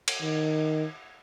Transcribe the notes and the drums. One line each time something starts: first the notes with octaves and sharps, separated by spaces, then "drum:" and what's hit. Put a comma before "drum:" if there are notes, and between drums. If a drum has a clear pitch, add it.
drum: cymbal
D#3